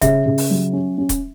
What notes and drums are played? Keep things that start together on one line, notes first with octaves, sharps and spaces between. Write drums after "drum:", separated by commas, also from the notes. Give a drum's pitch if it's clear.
C#3 E5, drum: kick D#1, hi-hat
C#3
drum: open hi-hat
F#3
C#4
C#4
drum: kick D#1, hi-hat